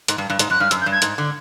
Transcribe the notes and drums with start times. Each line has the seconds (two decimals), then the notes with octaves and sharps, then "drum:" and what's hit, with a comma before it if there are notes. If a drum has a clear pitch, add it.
0.08 G#2, drum: hi-hat
0.18 G2
0.30 G2
0.39 G#2, drum: hi-hat
0.50 F#2 F#6
0.60 G2 F6
0.71 F#2 E6, drum: hi-hat
0.81 G6
0.86 G2
0.92 G#6
1.02 G#2, drum: hi-hat
1.18 D3